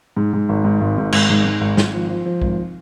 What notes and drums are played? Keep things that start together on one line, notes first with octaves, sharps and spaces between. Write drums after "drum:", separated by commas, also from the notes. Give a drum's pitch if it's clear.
G#2
G#2
G#1
G#2
G#1
G#2
G#1, drum: cymbal
G#2
G#2
G#1
G#1, drum: snare
F3
F3
F3
G#1, drum: kick B1